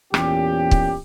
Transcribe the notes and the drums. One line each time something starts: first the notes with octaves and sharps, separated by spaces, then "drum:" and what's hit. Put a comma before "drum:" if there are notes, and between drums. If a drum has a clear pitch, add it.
E2 A#2 C#4 G4, drum: rim click
drum: kick